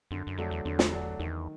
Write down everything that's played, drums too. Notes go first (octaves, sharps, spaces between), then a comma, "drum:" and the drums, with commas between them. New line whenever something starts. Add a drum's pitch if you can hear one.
F#2 D3
F#2
F2 F#3 A3 D4 F#4
E2
E2 D3
drum: snare
F#3 A3 D4 F#4
E2 D#3